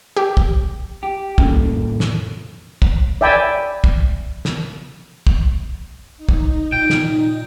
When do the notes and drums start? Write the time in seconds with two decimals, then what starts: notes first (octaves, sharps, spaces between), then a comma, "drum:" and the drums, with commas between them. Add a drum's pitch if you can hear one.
0.17 G4
0.37 drum: kick
1.03 G4
1.38 G2 A#2 D3 C#4, drum: kick
1.60 F2 A2
2.00 drum: snare
2.82 drum: kick
3.21 D5 E5 G5 G#5 B5
3.84 drum: kick
4.45 drum: snare
5.27 drum: kick
6.17 D#4
6.29 drum: kick
6.72 A#2 G5
6.90 drum: snare